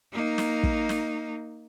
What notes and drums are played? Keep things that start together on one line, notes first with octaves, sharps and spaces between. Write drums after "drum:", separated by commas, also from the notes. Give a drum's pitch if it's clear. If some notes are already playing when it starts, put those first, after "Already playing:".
A#3 D#4
drum: snare
drum: kick
drum: snare